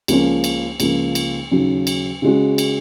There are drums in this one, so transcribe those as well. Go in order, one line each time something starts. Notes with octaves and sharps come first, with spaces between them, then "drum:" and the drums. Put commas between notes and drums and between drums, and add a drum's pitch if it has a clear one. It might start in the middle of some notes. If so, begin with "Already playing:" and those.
C#2 C#3 F3 A#3 C#4, drum: cymbal
drum: cymbal
C#2 C#3 F3 A#3, drum: cymbal
drum: cymbal
D#2 C#3 F#3 C#4
drum: cymbal
C#3 G#3 C#4 F#4
drum: cymbal